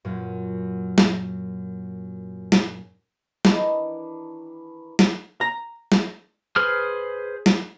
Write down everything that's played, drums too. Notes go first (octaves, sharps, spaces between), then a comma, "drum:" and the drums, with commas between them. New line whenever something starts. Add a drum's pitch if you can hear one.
F#2 A#2
drum: snare
drum: snare
D#3 E3 D4 E4, drum: snare
drum: snare
A#5
drum: snare
G#4 B4 C5 F6
drum: snare